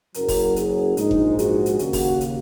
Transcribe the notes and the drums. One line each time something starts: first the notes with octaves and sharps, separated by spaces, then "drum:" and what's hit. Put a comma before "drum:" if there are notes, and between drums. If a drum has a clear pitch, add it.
F#1 F#2 F#3 A#4, drum: hi-hat
drum: kick F#1, open hi-hat
G#4, drum: hi-hat
A#1 G#2 G#3 D#4, drum: hi-hat
drum: kick F#1
F#4, drum: hi-hat
drum: hi-hat
D#2 C#3 A#3 F#4, drum: hi-hat
drum: kick F#1, open hi-hat
drum: hi-hat